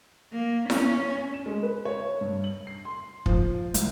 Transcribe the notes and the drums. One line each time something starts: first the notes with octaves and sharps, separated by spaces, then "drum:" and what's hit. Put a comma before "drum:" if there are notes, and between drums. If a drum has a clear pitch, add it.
A#3
C#4, drum: snare E4
E7
G#3
B4
C#5
G2
F#7
C7
C6
F3, drum: kick
C2, drum: hi-hat